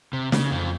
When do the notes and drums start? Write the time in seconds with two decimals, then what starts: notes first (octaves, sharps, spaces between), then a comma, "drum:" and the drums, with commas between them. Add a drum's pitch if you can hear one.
0.13 C3
0.32 C#3, drum: snare
0.51 F2 F3